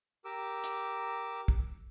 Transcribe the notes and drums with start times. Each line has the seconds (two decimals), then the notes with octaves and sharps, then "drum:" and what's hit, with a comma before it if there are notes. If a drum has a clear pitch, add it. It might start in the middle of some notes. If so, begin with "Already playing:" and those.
0.25 G4 A#4 D6 E6
0.64 drum: hi-hat
1.48 drum: kick